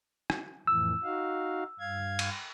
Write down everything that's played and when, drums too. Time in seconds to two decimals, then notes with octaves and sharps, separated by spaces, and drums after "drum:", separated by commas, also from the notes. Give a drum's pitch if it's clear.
0.30 drum: rim click
0.67 F2 A2 E3 E6
1.03 D#4 F#4 F5
1.80 G2 F5 G#6
2.19 drum: cymbal